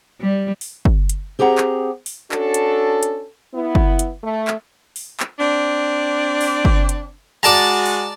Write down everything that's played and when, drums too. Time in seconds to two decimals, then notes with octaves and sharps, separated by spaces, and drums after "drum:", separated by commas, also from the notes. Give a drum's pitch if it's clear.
0.21 G3
0.61 drum: open hi-hat
0.85 drum: kick
1.09 drum: hi-hat
1.39 C4 G4 G#4 F#5 A#5
1.58 drum: clap
2.06 drum: open hi-hat
2.32 C#4 D4 F#4 A4, drum: clap
2.54 drum: hi-hat
3.03 drum: hi-hat
3.54 B3 E4
3.75 drum: kick
3.99 drum: hi-hat
4.23 A3
4.47 drum: clap
4.96 drum: open hi-hat
5.20 drum: clap
5.39 C4 D4
6.41 drum: open hi-hat
6.65 drum: kick
6.89 drum: hi-hat
7.43 G#3 F#4 D5 A5 A#5
7.86 drum: open hi-hat